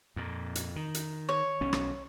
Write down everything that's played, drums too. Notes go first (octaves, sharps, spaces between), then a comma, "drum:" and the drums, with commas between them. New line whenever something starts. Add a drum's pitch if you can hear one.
F2 A#2
drum: hi-hat
D#3
drum: hi-hat
C#5
B1 B2 C#4
drum: rim click